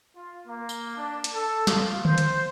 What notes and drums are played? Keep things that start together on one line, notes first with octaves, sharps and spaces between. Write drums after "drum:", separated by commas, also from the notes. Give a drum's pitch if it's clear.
F4
A#3
drum: tambourine
D4
drum: hi-hat
A4
F4, drum: snare
C5, drum: tom D3
drum: hi-hat